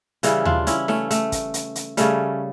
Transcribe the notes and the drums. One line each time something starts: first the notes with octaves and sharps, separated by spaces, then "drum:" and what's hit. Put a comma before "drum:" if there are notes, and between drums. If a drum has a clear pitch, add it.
C#3 E3 G3 C#4 E4, drum: hi-hat
D4 F4, drum: tom D#2
C#4 E4, drum: hi-hat
A3 C#4, drum: snare
A3, drum: hi-hat
drum: kick, hi-hat
drum: hi-hat
drum: hi-hat
C#3 G3 A3 C#4, drum: hi-hat